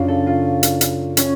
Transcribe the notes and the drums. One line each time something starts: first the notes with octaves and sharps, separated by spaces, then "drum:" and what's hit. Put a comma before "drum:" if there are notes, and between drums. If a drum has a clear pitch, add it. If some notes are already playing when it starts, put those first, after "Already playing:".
Already playing: F#2 C#3 D4 F4
A4
F4
drum: hi-hat
drum: hi-hat
C#4, drum: hi-hat